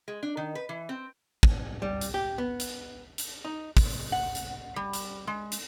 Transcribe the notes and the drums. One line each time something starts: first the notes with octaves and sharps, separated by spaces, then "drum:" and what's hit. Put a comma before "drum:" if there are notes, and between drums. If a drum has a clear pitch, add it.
G#3
D4
D#3
B4
E3
C4
drum: kick
G3
drum: hi-hat
G4
B3
drum: hi-hat
drum: hi-hat
D#4
drum: kick, open hi-hat
F#5
drum: hi-hat
G3
drum: hi-hat
G#3
drum: hi-hat